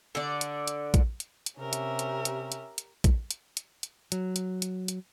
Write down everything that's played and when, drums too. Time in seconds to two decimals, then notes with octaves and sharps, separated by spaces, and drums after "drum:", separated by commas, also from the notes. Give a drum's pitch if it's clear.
0.15 D3 D5
0.41 drum: hi-hat
0.68 drum: hi-hat
0.94 drum: kick, hi-hat
1.20 drum: hi-hat
1.46 drum: hi-hat
1.60 C3 C#4 G4 A#4 E5
1.73 drum: hi-hat
1.99 drum: hi-hat
2.25 drum: hi-hat
2.52 drum: hi-hat
2.78 drum: hi-hat
3.04 drum: kick, hi-hat
3.31 drum: hi-hat
3.57 drum: hi-hat
3.83 drum: hi-hat
4.12 F#3, drum: hi-hat
4.36 drum: hi-hat
4.62 drum: hi-hat
4.88 drum: hi-hat